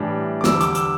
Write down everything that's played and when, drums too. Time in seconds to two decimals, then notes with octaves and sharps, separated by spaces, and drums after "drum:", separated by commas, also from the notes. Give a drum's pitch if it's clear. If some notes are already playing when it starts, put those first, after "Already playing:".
Already playing: A2 E3 G3 D4
0.41 D6
0.44 E2 D3 G3 E6, drum: snare
0.61 D6, drum: hi-hat
0.75 E6, drum: hi-hat